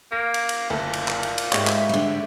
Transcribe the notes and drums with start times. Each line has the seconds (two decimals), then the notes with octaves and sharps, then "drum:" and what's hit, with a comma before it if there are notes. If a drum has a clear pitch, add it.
0.12 A#3 A#6
0.34 drum: cymbal
0.49 drum: cymbal
0.70 F#1 D2 A#2 A4
0.93 drum: cymbal
1.08 drum: clap
1.23 drum: cymbal
1.38 drum: cymbal
1.53 G#2 G#3 G4 C#5 E5, drum: clap
1.67 drum: clap
1.89 D3 G3